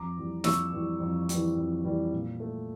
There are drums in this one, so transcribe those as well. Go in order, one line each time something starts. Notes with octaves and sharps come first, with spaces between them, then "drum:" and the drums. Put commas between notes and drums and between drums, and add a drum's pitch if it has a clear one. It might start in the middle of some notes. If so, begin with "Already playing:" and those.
Already playing: F2 A#5 D6
E3 G3
F2 C#6 E6, drum: snare
E3 G3
F2
E3 G3, drum: hi-hat
F2
E3 G3
A#2
A3